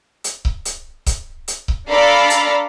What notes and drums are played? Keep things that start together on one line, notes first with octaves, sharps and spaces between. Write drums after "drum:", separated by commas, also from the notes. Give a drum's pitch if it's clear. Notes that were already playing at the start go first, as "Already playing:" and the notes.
drum: hi-hat
drum: kick C#1
drum: hi-hat
drum: kick C#1, hi-hat
drum: hi-hat
drum: kick C#1
D4 A4 D5 F5 A#5 B5
drum: hi-hat